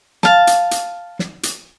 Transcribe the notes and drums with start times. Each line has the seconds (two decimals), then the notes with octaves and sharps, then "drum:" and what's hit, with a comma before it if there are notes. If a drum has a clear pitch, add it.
0.23 F5 A5, drum: snare
0.47 drum: hi-hat
0.71 drum: hi-hat
1.19 drum: snare
1.43 drum: hi-hat